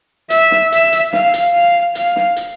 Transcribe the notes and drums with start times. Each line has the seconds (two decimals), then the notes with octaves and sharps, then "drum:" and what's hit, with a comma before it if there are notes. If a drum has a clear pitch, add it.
0.30 E5, drum: hi-hat
0.51 drum: snare
0.72 E5, drum: hi-hat
0.92 drum: hi-hat
1.13 F5, drum: snare
1.34 drum: hi-hat
1.55 F5
1.95 F5, drum: hi-hat
2.16 drum: snare
2.36 drum: hi-hat